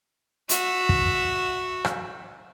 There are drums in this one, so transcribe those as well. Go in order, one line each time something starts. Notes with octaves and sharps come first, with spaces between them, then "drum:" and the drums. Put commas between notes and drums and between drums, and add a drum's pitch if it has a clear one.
F#4 E5, drum: hi-hat
drum: kick
drum: rim click